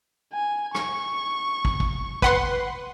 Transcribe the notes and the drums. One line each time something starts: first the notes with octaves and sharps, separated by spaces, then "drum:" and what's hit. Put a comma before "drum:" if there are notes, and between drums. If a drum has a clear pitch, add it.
G#5
C#6, drum: rim click
drum: kick
drum: kick
B4 F#5 C6, drum: kick